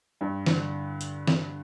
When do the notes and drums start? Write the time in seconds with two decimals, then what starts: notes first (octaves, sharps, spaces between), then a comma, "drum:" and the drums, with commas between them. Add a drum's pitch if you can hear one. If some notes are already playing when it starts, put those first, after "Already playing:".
0.21 G2
0.46 D3, drum: snare
1.01 drum: hi-hat
1.27 drum: snare